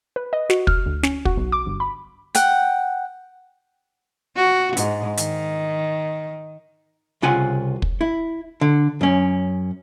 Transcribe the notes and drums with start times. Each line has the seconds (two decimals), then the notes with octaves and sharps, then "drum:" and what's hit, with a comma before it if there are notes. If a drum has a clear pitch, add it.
0.16 B4
0.33 D#5
0.50 F#4, drum: snare
0.67 F6, drum: kick
0.86 D2
1.03 C#4, drum: snare
1.25 F#4, drum: kick
1.37 B1
1.52 D6
1.66 G1
1.80 B5
2.35 F#5 G5, drum: hi-hat
4.36 F#4
4.77 G#2, drum: hi-hat
5.17 D#3, drum: hi-hat
7.22 C2 C#3 F4 F#5 G#5
7.82 drum: kick
8.01 E4
8.61 D3
9.01 F#2 C#4